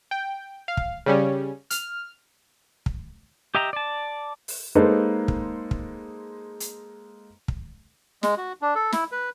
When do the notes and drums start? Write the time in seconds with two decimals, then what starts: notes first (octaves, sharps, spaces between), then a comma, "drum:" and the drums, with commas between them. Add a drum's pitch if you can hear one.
0.11 G5
0.68 F5
0.77 drum: kick
1.06 C#3 G3 C#4
1.70 F6, drum: hi-hat
2.86 drum: kick
3.55 G4 D#5 E5 G5 A#5
3.73 D5 A5
4.48 drum: open hi-hat
4.75 G#3 A#3 D#4 A4 B4 C5
5.28 drum: kick
5.71 drum: kick
6.60 drum: hi-hat
7.48 drum: kick
8.23 G#3, drum: snare
8.37 F#4
8.62 D4
8.75 A4
8.92 E4, drum: snare
9.12 B4